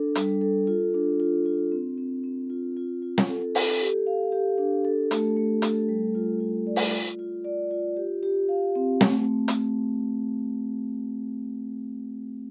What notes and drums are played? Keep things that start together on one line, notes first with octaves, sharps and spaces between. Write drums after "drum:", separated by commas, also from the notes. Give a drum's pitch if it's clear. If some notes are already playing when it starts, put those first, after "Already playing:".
Already playing: D4 A4
G3, drum: hi-hat
A4
F4
D4
F4
F4
C4
C4
C4
F4
F4
F4
drum: snare
A4
A4, drum: open hi-hat
G4
F5
G4
D4
A4
A3, drum: hi-hat
A3
A4, drum: hi-hat
G3
F4
F4
D5
drum: open hi-hat
F4
F4
D5
F4
G4
G4
F5
C4
A3, drum: snare
drum: hi-hat